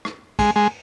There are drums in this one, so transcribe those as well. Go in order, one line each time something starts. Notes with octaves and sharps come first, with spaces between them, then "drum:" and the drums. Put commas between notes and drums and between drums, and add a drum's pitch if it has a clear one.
drum: rim click
G#3, drum: kick, cymbal
G#3